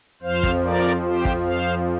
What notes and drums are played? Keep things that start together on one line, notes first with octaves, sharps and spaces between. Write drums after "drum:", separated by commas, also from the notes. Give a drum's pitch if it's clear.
F2 F3 C5 F5
drum: kick
A#4 D5
G4 C5
drum: kick
C5 F5